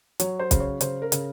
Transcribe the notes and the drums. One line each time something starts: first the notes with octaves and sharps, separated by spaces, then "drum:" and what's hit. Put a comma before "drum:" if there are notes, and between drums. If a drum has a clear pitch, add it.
F#3 C#5, drum: hi-hat
C5
C#3, drum: kick B1, hi-hat
C#5
C#3 C5, drum: hi-hat
A#4
C#3, drum: hi-hat